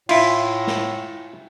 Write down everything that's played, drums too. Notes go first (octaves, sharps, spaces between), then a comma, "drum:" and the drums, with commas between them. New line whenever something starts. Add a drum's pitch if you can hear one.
A2 E4 F4, drum: cymbal
drum: snare